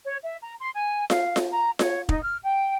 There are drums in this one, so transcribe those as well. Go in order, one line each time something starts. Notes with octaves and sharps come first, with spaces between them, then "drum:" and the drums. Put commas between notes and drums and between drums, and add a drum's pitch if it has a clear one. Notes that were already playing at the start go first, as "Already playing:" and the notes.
C#5
E5
A#5
C6
G#5
F5, drum: snare F4
drum: snare F4
A#5
C#5, drum: snare F4
D#4, drum: kick
F6
G5